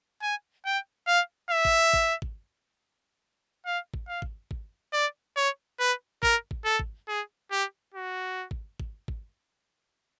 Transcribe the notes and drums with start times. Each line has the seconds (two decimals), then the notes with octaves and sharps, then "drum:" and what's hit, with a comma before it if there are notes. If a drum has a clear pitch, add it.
0.22 G#5
0.65 G5
1.07 F5
1.50 E5
1.65 drum: kick G#1
1.93 drum: kick G#1
2.22 drum: kick G#1
3.66 F5
3.94 drum: kick G#1
4.07 F5
4.22 drum: kick G#1
4.51 drum: kick G#1
4.93 D5
5.36 C#5
5.80 B4
6.23 A#4, drum: kick G#1
6.51 drum: kick G#1
6.65 A4
6.79 drum: kick G#1
7.08 G#4
7.51 G4
7.94 F#4
8.51 drum: kick G#1
8.80 drum: kick G#1
9.08 drum: kick G#1